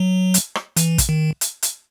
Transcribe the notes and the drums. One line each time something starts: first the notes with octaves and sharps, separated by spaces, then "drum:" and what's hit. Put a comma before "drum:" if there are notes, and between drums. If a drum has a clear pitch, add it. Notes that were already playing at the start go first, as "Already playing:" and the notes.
Already playing: F#3
drum: hi-hat
drum: rim click
E3, drum: hi-hat
drum: kick, hi-hat
D#3
drum: hi-hat
drum: hi-hat